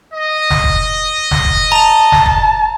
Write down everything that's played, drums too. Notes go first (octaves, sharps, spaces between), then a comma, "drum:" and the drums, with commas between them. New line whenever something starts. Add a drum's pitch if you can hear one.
D#5
drum: snare
drum: kick
drum: snare
drum: kick
A5 A#5 F7
drum: snare
drum: kick